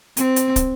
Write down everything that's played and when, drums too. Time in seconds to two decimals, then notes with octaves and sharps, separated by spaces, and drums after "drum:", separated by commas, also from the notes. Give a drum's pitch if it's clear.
0.17 C4, drum: hi-hat
0.36 drum: hi-hat
0.56 drum: kick, hi-hat